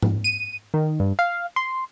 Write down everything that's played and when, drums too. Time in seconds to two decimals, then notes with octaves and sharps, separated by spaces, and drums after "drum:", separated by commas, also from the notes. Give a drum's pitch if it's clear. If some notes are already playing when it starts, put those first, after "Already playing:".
0.02 drum: tom G#2
0.24 D#7
0.74 D#3
1.00 G2
1.19 F5
1.56 C6